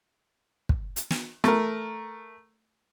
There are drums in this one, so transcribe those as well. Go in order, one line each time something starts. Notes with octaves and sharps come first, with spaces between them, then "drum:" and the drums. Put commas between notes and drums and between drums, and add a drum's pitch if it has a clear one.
drum: kick
drum: hi-hat
drum: snare
A3 A#4, drum: rim click